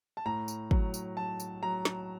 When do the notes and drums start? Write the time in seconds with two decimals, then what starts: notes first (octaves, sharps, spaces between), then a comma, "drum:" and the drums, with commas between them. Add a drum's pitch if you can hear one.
0.17 A5
0.25 A2 A#5
0.48 drum: tambourine
0.71 F#3, drum: kick
0.94 drum: tambourine
1.17 F#3 A5
1.40 drum: tambourine
1.63 F#3 A#5
1.85 drum: snare